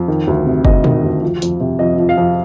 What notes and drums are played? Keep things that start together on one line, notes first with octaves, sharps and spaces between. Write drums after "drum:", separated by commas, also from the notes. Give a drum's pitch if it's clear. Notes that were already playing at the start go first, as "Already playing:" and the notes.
Already playing: F2
D#3
D2
C3
D2 D#5, drum: kick F#1
D#3, drum: tom A#2
D2
F3
F2, drum: hi-hat
C3
F2 D#5
F3
F5
F2